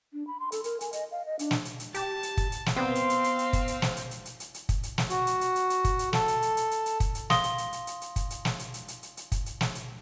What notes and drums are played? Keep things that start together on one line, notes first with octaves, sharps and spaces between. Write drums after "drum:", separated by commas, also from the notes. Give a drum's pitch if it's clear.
D4
B5
C6
A4, drum: hi-hat
A#4, drum: hi-hat
G#5, drum: hi-hat
D#5, drum: hi-hat
F5
D#5
D4, drum: hi-hat
drum: snare
drum: hi-hat
drum: hi-hat
G4 A5, drum: hi-hat
drum: hi-hat
drum: kick, hi-hat
drum: hi-hat
drum: snare
B3 C4 F5 C6
drum: hi-hat
drum: hi-hat
drum: hi-hat
drum: hi-hat
drum: kick, hi-hat
drum: hi-hat
drum: snare
drum: hi-hat
drum: hi-hat
drum: hi-hat
drum: hi-hat
drum: hi-hat
drum: kick, hi-hat
drum: hi-hat
drum: snare
F#4, drum: hi-hat
drum: hi-hat
drum: hi-hat
drum: hi-hat
drum: hi-hat
drum: kick, hi-hat
drum: hi-hat
A4, drum: snare
drum: hi-hat
drum: hi-hat
drum: hi-hat
drum: hi-hat
drum: hi-hat
drum: kick, hi-hat
drum: hi-hat
F5 C6 D#6 A#6 G7, drum: snare
drum: hi-hat
drum: hi-hat
drum: hi-hat
drum: hi-hat
drum: hi-hat
drum: kick, hi-hat
drum: hi-hat
drum: snare
drum: hi-hat
drum: hi-hat
drum: hi-hat
drum: hi-hat
drum: hi-hat
drum: kick, hi-hat
drum: hi-hat
drum: snare
drum: hi-hat